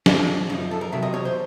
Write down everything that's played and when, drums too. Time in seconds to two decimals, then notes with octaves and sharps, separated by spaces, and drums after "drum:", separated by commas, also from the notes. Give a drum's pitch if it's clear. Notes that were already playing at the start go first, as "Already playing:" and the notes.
0.06 F#2 C#3 F3 D4, drum: snare
0.49 F#2 C#3 F3 D#4
0.71 A4
0.81 A#4
0.92 E2 C3 D#3 F#3 E5
1.03 D#5
1.14 C#5
1.25 C5